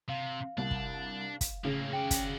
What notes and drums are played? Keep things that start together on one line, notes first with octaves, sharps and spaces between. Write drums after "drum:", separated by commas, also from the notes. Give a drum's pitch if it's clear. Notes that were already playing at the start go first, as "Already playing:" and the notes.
C3 F5
C2 D4
drum: kick
drum: kick, hi-hat
A2 C#3 A#3
F#4 D5 G5
drum: kick, hi-hat